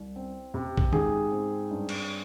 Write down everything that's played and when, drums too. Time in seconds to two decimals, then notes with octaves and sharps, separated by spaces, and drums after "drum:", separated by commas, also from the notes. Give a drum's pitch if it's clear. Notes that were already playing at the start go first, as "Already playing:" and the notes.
Already playing: C2
0.16 C4
0.54 C3
0.77 drum: kick A#1
0.93 G#2 G#4, drum: tom D#3
1.32 C4
1.71 G2
1.89 drum: cymbal